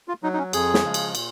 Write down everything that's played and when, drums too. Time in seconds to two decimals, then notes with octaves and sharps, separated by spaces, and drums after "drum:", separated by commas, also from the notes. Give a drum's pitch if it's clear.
0.08 F4
0.23 F#3 D#4
0.34 D#4
0.38 C#4
0.53 F2 G#4, drum: cymbal
0.74 drum: snare
0.84 C#3 F3 G#3
0.94 drum: cymbal
1.15 A#2, drum: cymbal